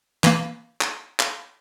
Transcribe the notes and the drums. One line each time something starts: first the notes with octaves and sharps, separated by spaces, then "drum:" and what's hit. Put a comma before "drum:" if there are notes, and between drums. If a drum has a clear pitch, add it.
E3 A#3, drum: clap
drum: clap
drum: clap